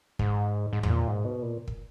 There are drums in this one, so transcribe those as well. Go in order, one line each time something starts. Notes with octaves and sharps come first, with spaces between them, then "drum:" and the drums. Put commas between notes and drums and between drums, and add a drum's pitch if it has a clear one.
G#2, drum: kick
G#2
G#2, drum: tom E2
A#2
G#2
B2
A#2
drum: kick